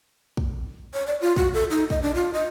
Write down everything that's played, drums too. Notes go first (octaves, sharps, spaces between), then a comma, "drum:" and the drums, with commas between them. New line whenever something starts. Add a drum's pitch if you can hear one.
drum: kick
C#5
D5
F4
F#4, drum: kick
A4
D#4
D#5, drum: kick
D4
F4
D#5